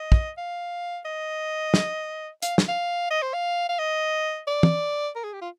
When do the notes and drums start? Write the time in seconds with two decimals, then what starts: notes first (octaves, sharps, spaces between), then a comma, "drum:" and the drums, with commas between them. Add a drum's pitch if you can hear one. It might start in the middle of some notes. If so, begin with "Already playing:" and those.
Already playing: D#5
0.12 drum: kick
0.37 F5
1.05 D#5
1.74 drum: snare
2.42 F5, drum: hi-hat
2.58 drum: snare
2.68 F5
3.10 D#5
3.22 C5
3.34 F5
3.69 F5
3.79 D#5
4.47 D5
4.63 drum: tom
5.15 A#4
5.24 G#4
5.33 G4
5.41 F4